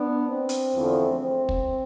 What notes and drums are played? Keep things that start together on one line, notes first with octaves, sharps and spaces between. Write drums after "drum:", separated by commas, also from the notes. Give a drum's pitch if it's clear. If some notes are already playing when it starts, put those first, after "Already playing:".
Already playing: B3 D4
C4
drum: hi-hat
E2 D3 F3 A3
C4
drum: kick